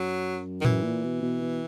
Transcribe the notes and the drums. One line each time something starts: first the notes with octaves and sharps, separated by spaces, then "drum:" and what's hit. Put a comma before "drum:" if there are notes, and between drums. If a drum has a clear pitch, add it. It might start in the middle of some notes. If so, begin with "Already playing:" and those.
Already playing: F#2 F#3
D#3
F#2 E3, drum: tom A2
A#2
B2
B2
B2